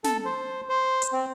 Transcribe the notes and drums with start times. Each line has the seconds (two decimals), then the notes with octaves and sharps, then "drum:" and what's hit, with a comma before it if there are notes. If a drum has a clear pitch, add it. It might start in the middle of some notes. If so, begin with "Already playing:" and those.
0.04 A4, drum: snare
0.25 C5
0.69 C5
1.02 drum: hi-hat
1.13 C4